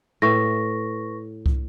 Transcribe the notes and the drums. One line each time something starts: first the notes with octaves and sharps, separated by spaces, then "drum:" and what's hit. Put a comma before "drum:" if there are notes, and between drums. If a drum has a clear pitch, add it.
A2 B4 C#6 A#6
drum: kick C2